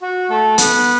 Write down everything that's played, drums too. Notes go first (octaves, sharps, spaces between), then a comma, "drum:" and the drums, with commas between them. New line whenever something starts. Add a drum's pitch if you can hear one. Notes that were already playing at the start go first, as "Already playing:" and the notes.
F#4
A3 A4
B3 B4, drum: hi-hat